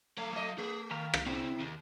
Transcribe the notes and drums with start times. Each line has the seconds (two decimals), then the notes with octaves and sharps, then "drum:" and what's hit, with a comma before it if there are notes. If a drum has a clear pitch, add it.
0.17 F#3 A3 F5
0.33 A3 D#5
0.58 A3 G#4
0.91 D#3 F5 A#5 B5
1.14 drum: rim click
1.26 C3 C4 C#4 E4 C5
1.60 D#2